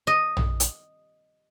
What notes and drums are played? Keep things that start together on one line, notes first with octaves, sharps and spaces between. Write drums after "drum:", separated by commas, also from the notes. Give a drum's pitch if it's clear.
D#5
drum: tom A#1
drum: hi-hat